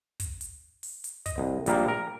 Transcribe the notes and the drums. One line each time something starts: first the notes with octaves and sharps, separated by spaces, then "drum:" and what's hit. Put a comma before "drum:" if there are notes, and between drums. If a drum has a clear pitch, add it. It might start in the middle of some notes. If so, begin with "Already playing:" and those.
drum: kick, hi-hat
drum: hi-hat
drum: open hi-hat
drum: hi-hat
D#5, drum: kick, hi-hat
C2
A#1 G3 A#3 A#4, drum: hi-hat
A#4